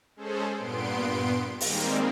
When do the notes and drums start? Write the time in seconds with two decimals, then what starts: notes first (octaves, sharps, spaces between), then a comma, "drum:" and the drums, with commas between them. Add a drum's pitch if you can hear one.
0.16 G#3 C#4 G#4 A4 C5
0.55 G2 A#2 B3 C6 D7
1.61 D#3 G3 G#3 A#3 C4, drum: open hi-hat